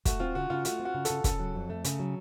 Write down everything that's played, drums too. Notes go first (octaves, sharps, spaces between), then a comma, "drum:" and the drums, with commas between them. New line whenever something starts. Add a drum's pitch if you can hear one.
A3 F#4, drum: kick, hi-hat
C4 F4
C#3 F#4
C#3 F4
A3 F#4, drum: hi-hat
C4
F#4
C#3
A4, drum: hi-hat
C#3
C#3 A4, drum: kick, hi-hat
F#3
F2
A3
C#3, drum: hi-hat
F#3